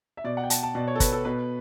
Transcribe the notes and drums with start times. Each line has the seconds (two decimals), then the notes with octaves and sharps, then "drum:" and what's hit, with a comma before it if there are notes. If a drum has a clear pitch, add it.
0.17 E5
0.24 B2 D5
0.37 F#5
0.44 G5
0.50 A5, drum: hi-hat
0.63 A5
0.75 B2 D5
0.88 C#5
0.96 A4
1.00 B4, drum: kick, hi-hat
1.12 A4
1.25 B2 B4